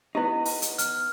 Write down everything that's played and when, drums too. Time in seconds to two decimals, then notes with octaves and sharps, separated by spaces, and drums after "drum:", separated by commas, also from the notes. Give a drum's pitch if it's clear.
0.15 B3 D#4 E4 G4
0.45 drum: open hi-hat
0.62 drum: hi-hat
0.78 F6, drum: hi-hat